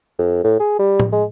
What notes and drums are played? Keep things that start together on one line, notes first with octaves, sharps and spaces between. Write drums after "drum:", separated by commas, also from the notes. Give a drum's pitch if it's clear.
F2
A2
G#4
G3
drum: tom A2
G#3